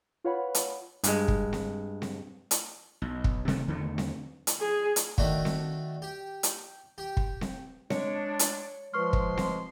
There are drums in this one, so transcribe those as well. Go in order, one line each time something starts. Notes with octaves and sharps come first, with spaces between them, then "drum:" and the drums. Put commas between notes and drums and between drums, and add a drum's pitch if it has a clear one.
F4 B4 C#5 F#5 B5
drum: hi-hat
G2 G#3, drum: hi-hat
drum: kick
drum: snare C4
drum: snare C4
drum: hi-hat
B1
drum: kick
C3 D#3 A3, drum: snare C4
E2 D3 D#3 A3
drum: snare C4
drum: hi-hat
G#4
drum: hi-hat
D#3 A3 D4 F#4, drum: kick
drum: snare C4
G4
drum: hi-hat
G4
drum: kick
drum: snare C4
G#3 D4 C#5, drum: snare C4
drum: hi-hat
F3 G#3 B4 C6 C#6 F6
drum: kick
drum: snare C4